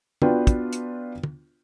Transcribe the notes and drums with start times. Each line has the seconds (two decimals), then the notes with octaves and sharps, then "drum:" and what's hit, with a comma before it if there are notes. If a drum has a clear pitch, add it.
0.22 B3 D4 F4 F#4 B4 G5, drum: tom
0.47 drum: kick, hi-hat
0.73 drum: hi-hat
1.24 drum: tom